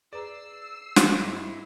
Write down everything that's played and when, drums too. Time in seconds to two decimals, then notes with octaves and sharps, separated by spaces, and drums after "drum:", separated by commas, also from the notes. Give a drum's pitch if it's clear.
0.13 G#4 B4 D5 A#5 E6 C7
0.96 drum: snare
1.20 G#2 G3 C4 E4